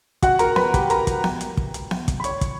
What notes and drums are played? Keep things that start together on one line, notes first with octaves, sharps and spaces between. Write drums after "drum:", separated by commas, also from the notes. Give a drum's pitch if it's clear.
F#4 F#5, drum: kick, hi-hat
A#4 A#5, drum: hi-hat
B4 B5, drum: snare B3
G4 G5, drum: kick, hi-hat
A#4 A#5, drum: hi-hat
drum: kick, hi-hat
drum: snare B3
drum: hi-hat
drum: kick
drum: hi-hat
drum: snare B3
drum: kick, hi-hat
B5
C#5 C#6, drum: hi-hat
drum: kick, hi-hat